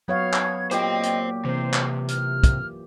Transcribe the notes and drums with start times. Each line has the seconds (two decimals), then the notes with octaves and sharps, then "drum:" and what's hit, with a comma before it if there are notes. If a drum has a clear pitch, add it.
0.08 F#3 B3 C#5 F5 G#6
0.33 drum: clap
0.71 A#2 G4 C5 D#5 G5, drum: hi-hat
1.03 drum: hi-hat
1.45 C3 E3 C5
1.73 drum: clap
2.08 F6, drum: hi-hat
2.44 drum: kick, hi-hat